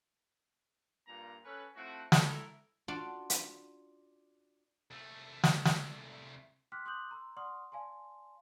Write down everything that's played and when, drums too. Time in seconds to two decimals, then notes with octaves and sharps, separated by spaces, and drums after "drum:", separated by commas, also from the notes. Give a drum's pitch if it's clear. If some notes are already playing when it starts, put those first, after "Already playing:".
1.07 G2 A#2 A#5
1.44 C#4 A4 B4
1.76 F3 A3 C4 E4 F#4
2.12 E4 A4 A#4, drum: snare
2.88 D4 F4 F#4 D5
3.30 drum: hi-hat
4.91 C2 A3
5.44 drum: snare
5.65 drum: snare
6.72 G5 C6 D6 F6 F#6 B6
6.86 C6 D6 D#6 F#6 G6 F#7
7.11 A#5 C6 E6
7.37 D5 F#5 C6 C#6 D#6 F6
7.72 D5 F5 G#5 A5 C6